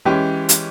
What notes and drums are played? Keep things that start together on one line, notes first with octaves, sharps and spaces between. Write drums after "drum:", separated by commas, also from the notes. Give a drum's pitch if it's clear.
E3 G#3 C#4 G4
drum: hi-hat